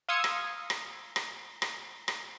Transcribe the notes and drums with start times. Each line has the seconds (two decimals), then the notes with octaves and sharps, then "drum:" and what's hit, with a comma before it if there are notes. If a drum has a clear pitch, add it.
0.09 F5 C6 D#6 E6 G#6 C#7
0.24 drum: rim click
0.70 drum: rim click
1.16 drum: rim click
1.62 drum: rim click
2.08 drum: rim click